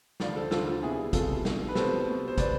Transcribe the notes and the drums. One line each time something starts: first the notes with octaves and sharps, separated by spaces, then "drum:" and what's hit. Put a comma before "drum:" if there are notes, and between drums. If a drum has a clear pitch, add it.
D2 D3 F3 D5 F5, drum: snare
A4 C5
D2 D3 F3 F4 A4, drum: snare
F4
C2 B2 E4 G#4
C2 B2 F4 A4, drum: kick, hi-hat
C2 B2, drum: snare
B4
C2 B2 A4 C5, drum: snare
C2 B2
C5
B2 B4 D5, drum: kick, hi-hat